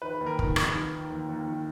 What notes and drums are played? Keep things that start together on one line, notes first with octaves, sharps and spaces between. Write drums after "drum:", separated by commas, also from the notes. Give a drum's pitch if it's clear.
D#3 B4
D#2
A#4
D#3, drum: kick
D#3, drum: rim click
D#3
D#3
D#2
D#2
D#3